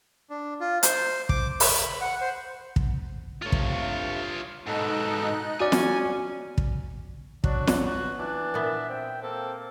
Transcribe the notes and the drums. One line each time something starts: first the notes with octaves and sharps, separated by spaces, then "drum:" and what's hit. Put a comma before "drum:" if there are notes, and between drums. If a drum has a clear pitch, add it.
D4
F4
C5, drum: hi-hat
D6, drum: kick
B5, drum: open hi-hat
F#5
C5
drum: kick
G2 C3 A3 F4 C#5
drum: kick
G#2 B2 D#4 A4 D#5 F#6
C#4 F#4 D5 G#5
drum: snare
drum: kick
F#3 D4 F#4, drum: kick
drum: snare
B3 F#4
E3 D4
A#2 B3 E5
C4 G5
A#3 C4 A4